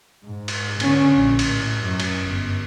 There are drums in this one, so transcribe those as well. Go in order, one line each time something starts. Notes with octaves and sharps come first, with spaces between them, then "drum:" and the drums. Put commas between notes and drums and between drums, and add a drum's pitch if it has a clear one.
G#2
drum: cymbal
D3 C#4, drum: cymbal
A#1
drum: cymbal
A2
F#2
drum: cymbal
G1